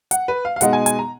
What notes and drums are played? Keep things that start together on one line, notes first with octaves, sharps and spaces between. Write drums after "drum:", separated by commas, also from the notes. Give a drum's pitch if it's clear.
F#5, drum: hi-hat
B4
F5
F5
B2 G#3 D#4 F#5, drum: hi-hat
G#5
G#5, drum: hi-hat
A#5